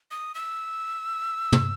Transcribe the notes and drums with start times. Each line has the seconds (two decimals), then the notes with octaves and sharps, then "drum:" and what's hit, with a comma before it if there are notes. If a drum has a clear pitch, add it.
0.11 D#6
0.35 E6
1.52 drum: tom